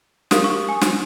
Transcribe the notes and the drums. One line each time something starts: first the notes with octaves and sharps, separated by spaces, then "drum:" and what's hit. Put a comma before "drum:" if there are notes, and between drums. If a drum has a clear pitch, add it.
G4 A#4 F5 D#6, drum: snare
C#6
D#6
G#5
drum: snare